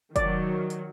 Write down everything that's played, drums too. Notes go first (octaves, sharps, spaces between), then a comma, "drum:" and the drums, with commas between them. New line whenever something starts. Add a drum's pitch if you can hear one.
D#3 F#3 D5, drum: kick, hi-hat
drum: hi-hat